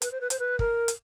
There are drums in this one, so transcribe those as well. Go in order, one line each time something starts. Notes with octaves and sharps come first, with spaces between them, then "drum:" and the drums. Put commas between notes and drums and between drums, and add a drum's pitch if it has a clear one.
B4, drum: hi-hat
C5
B4
C5, drum: hi-hat
B4
A#4, drum: kick
drum: hi-hat